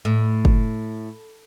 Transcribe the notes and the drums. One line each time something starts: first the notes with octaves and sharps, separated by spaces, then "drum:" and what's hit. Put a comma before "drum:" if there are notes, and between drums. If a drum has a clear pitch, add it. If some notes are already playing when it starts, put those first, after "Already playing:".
A2
drum: kick